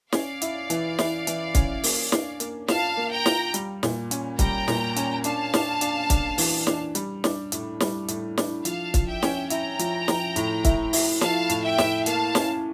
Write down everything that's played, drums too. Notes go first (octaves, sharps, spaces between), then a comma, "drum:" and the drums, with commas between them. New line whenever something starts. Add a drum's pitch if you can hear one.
C#4 D5 F5, drum: snare
E4, drum: hi-hat
E3, drum: hi-hat
E4, drum: snare
E3, drum: hi-hat
C#4, drum: kick, hi-hat
A#3, drum: open hi-hat
D4, drum: snare
A#3, drum: hi-hat
F4 F5 A5, drum: snare
A#3
G5 A#5
F4, drum: snare
G3, drum: hi-hat
A#2, drum: snare
C#4, drum: hi-hat
G3 G5 A#5, drum: kick, hi-hat
A#2, drum: snare
C#4, drum: hi-hat
D4 F5 A5, drum: hi-hat
D4, drum: snare
D4, drum: hi-hat
D4, drum: kick, hi-hat
E3, drum: open hi-hat
D4, drum: snare
G3, drum: hi-hat
D4, drum: snare
A2, drum: hi-hat
G3, drum: snare
A2, drum: hi-hat
D4, drum: snare
F3 F5 A5, drum: hi-hat
F3, drum: kick, hi-hat
E5 G5
C#4, drum: snare
E4 G5 A#5, drum: hi-hat
F3, drum: hi-hat
F3, drum: snare
A2, drum: hi-hat
E4, drum: kick, hi-hat
E4, drum: open hi-hat
F3 F5 A5, drum: snare
A2, drum: hi-hat
E5 G5
A2, drum: snare
A#3 F5 A5, drum: hi-hat
C#4, drum: snare